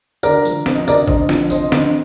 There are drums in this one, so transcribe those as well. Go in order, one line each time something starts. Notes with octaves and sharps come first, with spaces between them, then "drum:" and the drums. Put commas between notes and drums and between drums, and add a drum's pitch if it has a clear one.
D3 A#4 D5, drum: tambourine
F3, drum: tambourine
C4, drum: snare
D#5
D3 A#4 D5, drum: tambourine
D3 C5 D#5, drum: kick G#1
F3, drum: snare
C4 C5 D#5, drum: tambourine
D3, drum: snare